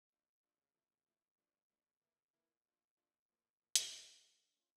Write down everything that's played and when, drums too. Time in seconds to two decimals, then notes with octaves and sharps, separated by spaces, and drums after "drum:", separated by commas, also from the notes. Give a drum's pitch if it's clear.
0.09 A3 D4 F4
0.26 D3
0.42 A3 D4 F4
0.57 C#3
0.74 F3 A3 E4
0.90 C#3
1.06 F3 A3 E4
1.22 G2
1.38 F3 A3 D4
1.54 G2
1.69 F3 A3 D4
1.85 C#3
2.01 E3 A#3 E4
2.17 C#3
2.33 E3 A#3 E4
2.49 A#2
2.64 A3 D4 F4
2.80 A#2
2.97 A3 D4 F4
3.12 A2
3.29 F3 A#3
3.44 A2
3.60 F3 A#3
3.75 D3, drum: hi-hat
3.92 F3 A#3
4.08 D3
4.23 F3 A#3
4.40 D3
4.56 A3 C#4 F4